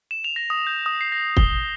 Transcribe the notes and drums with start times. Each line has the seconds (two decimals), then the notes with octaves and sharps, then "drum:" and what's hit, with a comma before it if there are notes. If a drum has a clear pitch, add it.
0.11 E7
0.24 F7
0.36 A#6
0.50 D#6
0.67 G6
0.86 D#6
1.01 C7
1.12 A#6
1.37 G7, drum: kick